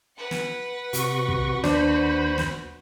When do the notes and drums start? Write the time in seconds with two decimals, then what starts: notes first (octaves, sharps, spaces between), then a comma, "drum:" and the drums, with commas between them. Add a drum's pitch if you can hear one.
0.17 B4 F#5
0.31 drum: snare
0.93 C3 F#4 C#6, drum: hi-hat
1.28 drum: kick
1.64 D#2 D4 F#4 B4 C5 B5, drum: snare
2.38 drum: snare